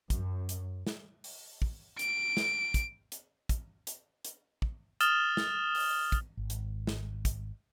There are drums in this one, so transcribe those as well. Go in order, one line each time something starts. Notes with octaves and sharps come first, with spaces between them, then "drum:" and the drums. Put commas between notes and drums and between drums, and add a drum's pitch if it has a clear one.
F#2, drum: kick, hi-hat
drum: hi-hat
drum: snare
drum: open hi-hat
drum: kick
D7, drum: hi-hat
drum: snare
drum: kick, hi-hat
drum: hi-hat
drum: kick, hi-hat
drum: hi-hat
drum: hi-hat
drum: kick
D#6 F6 A6 E7 G7, drum: hi-hat
drum: snare
drum: open hi-hat
drum: kick, hi-hat
G#1
drum: hi-hat
drum: snare
drum: kick, hi-hat